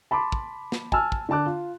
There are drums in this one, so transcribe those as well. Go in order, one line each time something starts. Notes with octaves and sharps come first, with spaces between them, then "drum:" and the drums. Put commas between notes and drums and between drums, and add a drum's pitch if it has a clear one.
A5 B5 C6 D6
drum: kick
drum: snare
G#5 A5 E6 F6, drum: kick
drum: kick
D3 D4 A5 D6 F#6
F4